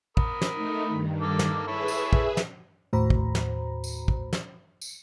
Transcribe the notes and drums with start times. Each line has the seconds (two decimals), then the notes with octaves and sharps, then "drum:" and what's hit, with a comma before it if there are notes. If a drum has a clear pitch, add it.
0.17 A#4 B5 D#6, drum: kick
0.41 drum: snare
0.54 A3 D#4
0.88 G2 D#3
1.21 A#3 A4 D6
1.39 drum: snare
1.67 E4 G#4 A4 B4 C#5 E5
1.88 drum: tambourine
2.13 drum: kick
2.37 drum: snare
2.93 D#2 A2 F#4 C5 A#5 B5
3.10 drum: kick
3.35 drum: snare
3.84 drum: tambourine
4.08 drum: kick
4.33 drum: snare
4.81 drum: tambourine